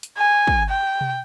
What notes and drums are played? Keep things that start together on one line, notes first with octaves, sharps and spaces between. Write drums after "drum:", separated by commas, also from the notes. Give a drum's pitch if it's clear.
drum: hi-hat
G#5
drum: kick
G5
drum: tom B2